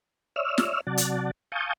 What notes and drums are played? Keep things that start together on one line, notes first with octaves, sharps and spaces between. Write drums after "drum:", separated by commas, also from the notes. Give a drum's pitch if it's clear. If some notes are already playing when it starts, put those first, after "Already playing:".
C#5 D5 E5 E6 F6
drum: snare
C3 F#3 D5 F#5 A5
drum: hi-hat
F5 G#5 A5 C#6 D#6 G6